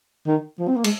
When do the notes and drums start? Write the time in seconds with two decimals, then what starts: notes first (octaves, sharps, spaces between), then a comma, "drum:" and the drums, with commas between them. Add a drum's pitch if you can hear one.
0.26 D#3
0.59 F3
0.68 C4
0.76 A#3
0.84 G#3, drum: cymbal